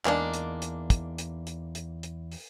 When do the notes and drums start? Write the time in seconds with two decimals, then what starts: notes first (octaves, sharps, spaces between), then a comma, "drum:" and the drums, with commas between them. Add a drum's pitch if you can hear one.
0.05 E2 G#3 A#3 D4 D#4, drum: clap
0.34 drum: hi-hat
0.62 drum: hi-hat
0.90 drum: kick, hi-hat
1.18 drum: hi-hat
1.47 drum: hi-hat
1.75 drum: hi-hat
2.03 drum: hi-hat
2.32 drum: open hi-hat